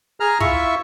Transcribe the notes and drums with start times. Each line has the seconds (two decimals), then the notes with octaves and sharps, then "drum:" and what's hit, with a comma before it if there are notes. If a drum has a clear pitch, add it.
0.20 G#4 A#5 F6
0.40 E4 F4 E5 C#6, drum: kick